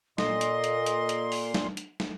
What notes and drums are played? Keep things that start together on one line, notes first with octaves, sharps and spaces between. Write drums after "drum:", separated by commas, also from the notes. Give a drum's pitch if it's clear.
A#2 A4 D#5 C6, drum: snare
drum: hi-hat
drum: hi-hat
drum: hi-hat
drum: hi-hat
drum: open hi-hat
drum: snare
drum: hi-hat
drum: snare